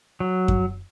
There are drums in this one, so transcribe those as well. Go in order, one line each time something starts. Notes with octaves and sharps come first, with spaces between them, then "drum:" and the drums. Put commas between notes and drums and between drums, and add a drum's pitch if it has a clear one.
F#3
drum: kick F#2